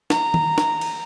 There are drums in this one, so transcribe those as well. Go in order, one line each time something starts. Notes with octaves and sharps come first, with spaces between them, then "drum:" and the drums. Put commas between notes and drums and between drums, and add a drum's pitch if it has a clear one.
A#5, drum: snare
drum: tom D#3
drum: snare
drum: cymbal